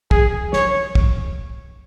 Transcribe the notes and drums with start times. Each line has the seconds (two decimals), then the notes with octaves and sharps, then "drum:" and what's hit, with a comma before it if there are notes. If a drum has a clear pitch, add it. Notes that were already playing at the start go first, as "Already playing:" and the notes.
0.11 G#4, drum: kick
0.53 C#5, drum: snare
0.95 drum: kick